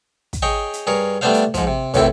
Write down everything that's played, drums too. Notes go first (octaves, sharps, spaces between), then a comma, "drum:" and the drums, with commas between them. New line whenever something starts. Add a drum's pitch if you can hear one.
drum: kick, hi-hat
G#4 C#5 D#5 G5
drum: hi-hat
G2 G#4 A#4 C#5
G3 A3 B3 D4 C5 F5
drum: hi-hat
G#2 F3, drum: kick, hi-hat
C3
B1 F#2 A2 C3 C4 E4, drum: kick, hi-hat